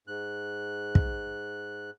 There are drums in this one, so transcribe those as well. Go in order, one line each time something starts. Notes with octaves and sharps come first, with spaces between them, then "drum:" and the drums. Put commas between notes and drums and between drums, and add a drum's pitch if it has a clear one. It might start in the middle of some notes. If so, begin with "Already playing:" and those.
G#2 F#6
drum: kick